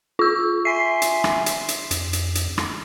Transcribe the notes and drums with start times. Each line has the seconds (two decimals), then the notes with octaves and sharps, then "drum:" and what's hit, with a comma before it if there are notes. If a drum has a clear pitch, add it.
0.19 F4 E6
0.65 E5 G#5 C6 B6 C7
1.02 drum: hi-hat
1.24 drum: rim click
1.46 drum: hi-hat
1.68 drum: hi-hat
1.91 F2, drum: hi-hat
2.13 drum: hi-hat
2.35 drum: hi-hat
2.58 drum: rim click